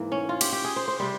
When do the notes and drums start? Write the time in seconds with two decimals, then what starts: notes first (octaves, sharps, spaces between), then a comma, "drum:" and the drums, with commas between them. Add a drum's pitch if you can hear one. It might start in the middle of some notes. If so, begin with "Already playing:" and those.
Already playing: G#2 E3 A#3
0.12 C#4
0.29 F4
0.41 G4, drum: cymbal
0.52 G4
0.64 G#4
0.76 C5
0.88 C5
1.00 C3 G3 C5